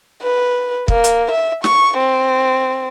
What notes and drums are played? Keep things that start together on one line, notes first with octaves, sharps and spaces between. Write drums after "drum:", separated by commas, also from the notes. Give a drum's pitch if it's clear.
B4
A#3, drum: kick
drum: hi-hat
E5
C#6, drum: snare
C4